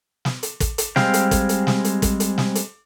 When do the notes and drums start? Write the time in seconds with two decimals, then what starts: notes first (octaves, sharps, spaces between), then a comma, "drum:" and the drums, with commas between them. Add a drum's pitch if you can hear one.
0.25 drum: snare
0.43 drum: hi-hat
0.60 drum: kick, hi-hat
0.78 drum: hi-hat
0.96 G3 G#3 C4 F5 G5, drum: snare
1.14 drum: hi-hat
1.31 drum: kick, hi-hat
1.49 drum: hi-hat
1.67 drum: snare
1.84 drum: hi-hat
2.02 drum: kick, hi-hat
2.20 drum: hi-hat
2.38 drum: snare
2.55 drum: hi-hat